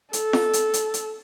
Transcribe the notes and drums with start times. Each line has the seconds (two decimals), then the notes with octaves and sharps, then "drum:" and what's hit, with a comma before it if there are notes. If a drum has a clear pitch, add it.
0.13 A4, drum: hi-hat
0.33 drum: snare F4
0.53 drum: hi-hat
0.74 drum: hi-hat
0.94 drum: hi-hat